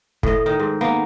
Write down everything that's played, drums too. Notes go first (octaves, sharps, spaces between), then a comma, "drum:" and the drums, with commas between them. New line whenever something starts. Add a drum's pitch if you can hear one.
A2 D#5, drum: kick
D#3
G#2
A#3 B3